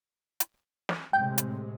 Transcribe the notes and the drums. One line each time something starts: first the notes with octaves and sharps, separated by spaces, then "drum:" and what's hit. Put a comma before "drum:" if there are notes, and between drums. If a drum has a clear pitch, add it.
drum: hi-hat
drum: snare
A2 C3 G#3 G5
drum: hi-hat